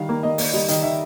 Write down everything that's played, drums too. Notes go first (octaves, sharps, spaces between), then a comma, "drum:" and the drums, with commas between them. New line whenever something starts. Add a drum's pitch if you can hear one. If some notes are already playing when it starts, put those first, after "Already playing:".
Already playing: D#3 G3 F5
A#3
A#3 D#5
A#3 D5, drum: open hi-hat
G3 D#5
D#3 D#5, drum: hi-hat
D#3 E5